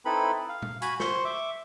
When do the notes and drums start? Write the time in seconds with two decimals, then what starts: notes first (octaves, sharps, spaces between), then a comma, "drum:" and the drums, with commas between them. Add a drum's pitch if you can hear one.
0.05 C4 D#4 E4 A4 B4 B5
0.49 F5
0.62 drum: tom
0.82 F#4 G#5 B5, drum: hi-hat
1.00 C5 C6 C#6, drum: snare
1.25 E5 D6